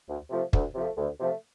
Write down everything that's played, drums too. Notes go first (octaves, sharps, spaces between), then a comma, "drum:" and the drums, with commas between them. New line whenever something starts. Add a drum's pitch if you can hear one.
D2
C3 F3 A3
D2, drum: kick
C3 F3 A3
D2
C3 F3 A3